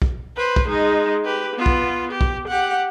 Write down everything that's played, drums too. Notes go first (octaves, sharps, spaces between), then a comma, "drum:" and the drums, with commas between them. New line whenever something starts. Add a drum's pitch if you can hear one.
drum: kick
B4 C5
drum: kick
G#3 D#4
G4 B4
B3 F4
drum: kick
G4
drum: kick
G4 F#5